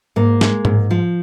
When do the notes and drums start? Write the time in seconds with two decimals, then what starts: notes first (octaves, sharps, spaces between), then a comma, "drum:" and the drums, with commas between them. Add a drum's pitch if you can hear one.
0.16 G#2 A#3
0.41 G#3, drum: snare
0.65 G#2, drum: tom A2
0.91 F3